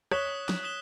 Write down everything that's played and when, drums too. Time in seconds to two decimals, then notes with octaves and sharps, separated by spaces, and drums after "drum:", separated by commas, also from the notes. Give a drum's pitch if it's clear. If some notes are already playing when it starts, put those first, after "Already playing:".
0.11 C#5 D#6 F#6 B6 E7 G7, drum: rim click
0.49 drum: snare
0.63 D#6 F#6 B6 E7 G7